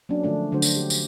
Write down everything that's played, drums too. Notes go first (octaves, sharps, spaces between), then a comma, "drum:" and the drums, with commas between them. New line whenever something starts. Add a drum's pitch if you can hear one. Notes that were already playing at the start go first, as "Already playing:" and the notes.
F#3 A#3 C#4 D4
D3 F3 A3 D4
D3 F#3 A3 F#4 C5
drum: tambourine
G4
drum: tambourine